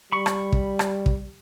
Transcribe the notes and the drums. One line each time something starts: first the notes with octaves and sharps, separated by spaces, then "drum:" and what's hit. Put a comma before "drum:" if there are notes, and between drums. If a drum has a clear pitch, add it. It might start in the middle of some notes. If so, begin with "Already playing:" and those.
G3 B5 C#6
drum: rim click
drum: kick
drum: rim click
drum: kick